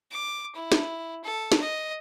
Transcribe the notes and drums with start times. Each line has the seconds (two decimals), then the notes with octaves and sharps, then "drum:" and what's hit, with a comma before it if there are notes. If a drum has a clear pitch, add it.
0.12 D6
0.55 E4
0.72 drum: snare
1.24 A4
1.52 drum: snare
1.61 D#5